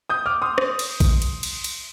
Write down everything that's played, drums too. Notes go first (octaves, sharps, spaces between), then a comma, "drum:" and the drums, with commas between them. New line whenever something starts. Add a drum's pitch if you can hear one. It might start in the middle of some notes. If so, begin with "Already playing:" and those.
D#6 G6
D6 F6
C6 D#6
drum: rim click
drum: cymbal
drum: kick A#1, cymbal
drum: cymbal
drum: cymbal
drum: cymbal